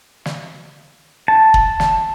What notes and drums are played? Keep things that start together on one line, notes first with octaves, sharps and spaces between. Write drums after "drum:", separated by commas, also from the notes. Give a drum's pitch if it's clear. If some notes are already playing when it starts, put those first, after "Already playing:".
drum: snare
A5
drum: kick
drum: snare